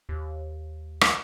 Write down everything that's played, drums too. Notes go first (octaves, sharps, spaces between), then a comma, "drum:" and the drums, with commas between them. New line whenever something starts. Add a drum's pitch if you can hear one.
D#2
drum: rim click